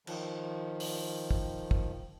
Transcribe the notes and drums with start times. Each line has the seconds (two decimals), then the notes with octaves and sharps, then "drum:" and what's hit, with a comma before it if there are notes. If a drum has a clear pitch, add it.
0.07 D#3 F3, drum: cymbal
0.80 drum: open hi-hat
1.31 drum: kick
1.71 drum: kick